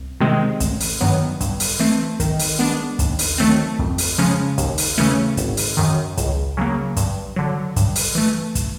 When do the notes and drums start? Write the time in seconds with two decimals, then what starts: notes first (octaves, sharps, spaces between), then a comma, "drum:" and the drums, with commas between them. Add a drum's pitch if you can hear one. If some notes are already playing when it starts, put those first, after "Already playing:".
Already playing: C2
0.20 C3 D#3 G#3 C4
0.60 A1, drum: kick, hi-hat
0.81 drum: open hi-hat
1.01 G2 D#3 F#3 B3
1.41 G2, drum: kick, hi-hat
1.60 drum: open hi-hat
1.79 E3 A3 C4
2.20 D#3, drum: kick, hi-hat
2.39 drum: open hi-hat
2.59 G#3 B3 D4
2.99 D#2, drum: kick, hi-hat
3.19 drum: open hi-hat
3.38 D#3 F#3 A3 C4
3.79 F2, drum: kick
3.98 drum: open hi-hat
4.18 C#3 F3 G#3 C#4
4.58 D#2, drum: kick, hi-hat
4.78 drum: open hi-hat
4.98 C#3 E3 A3 C#4
5.37 G#1, drum: kick, hi-hat
5.57 drum: open hi-hat
5.77 F#2 D#3
6.17 C#2, drum: kick, hi-hat
6.57 C#3 F#3 A#3
6.97 G2, drum: kick, hi-hat
7.36 D3 F#3
7.76 G2, drum: kick, hi-hat
7.96 drum: open hi-hat
8.15 E3 A3
8.55 drum: kick, hi-hat